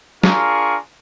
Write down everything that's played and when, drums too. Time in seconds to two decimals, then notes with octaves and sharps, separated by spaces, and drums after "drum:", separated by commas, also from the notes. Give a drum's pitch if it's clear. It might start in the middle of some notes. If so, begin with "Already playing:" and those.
0.23 D4 F4 G#4 A#4 A#5 C#6, drum: snare